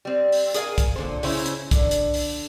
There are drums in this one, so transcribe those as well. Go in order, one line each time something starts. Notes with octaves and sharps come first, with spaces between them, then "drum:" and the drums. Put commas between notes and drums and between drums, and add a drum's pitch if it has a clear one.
G3 C4
drum: open hi-hat
G#4 A#4 D5 F5 G#5, drum: hi-hat
drum: kick, hi-hat
A#2 D3 C5
C#3 C#4 E4 C5, drum: open hi-hat
drum: hi-hat
D3, drum: kick, hi-hat
drum: hi-hat
drum: open hi-hat